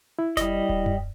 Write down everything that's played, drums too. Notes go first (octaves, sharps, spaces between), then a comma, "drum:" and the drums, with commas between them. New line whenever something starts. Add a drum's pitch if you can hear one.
E4
G3 D#5, drum: snare F1
drum: kick D#1
drum: tom F#2